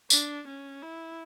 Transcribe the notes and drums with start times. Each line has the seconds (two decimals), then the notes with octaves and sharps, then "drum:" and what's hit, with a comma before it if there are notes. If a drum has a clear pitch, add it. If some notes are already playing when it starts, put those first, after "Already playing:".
0.10 D4, drum: tambourine
0.47 C#4
0.82 E4